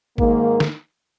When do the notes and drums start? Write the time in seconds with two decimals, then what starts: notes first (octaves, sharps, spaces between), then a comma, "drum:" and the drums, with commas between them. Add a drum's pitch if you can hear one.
0.18 G#2 D#3 A#3, drum: kick
0.60 drum: snare